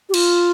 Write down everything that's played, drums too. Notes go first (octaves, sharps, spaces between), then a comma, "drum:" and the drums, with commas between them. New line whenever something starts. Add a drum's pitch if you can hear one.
G4
F4, drum: cymbal